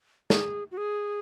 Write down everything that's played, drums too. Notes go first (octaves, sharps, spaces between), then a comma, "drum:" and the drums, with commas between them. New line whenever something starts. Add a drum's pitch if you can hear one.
G#4, drum: snare
F#4
G#4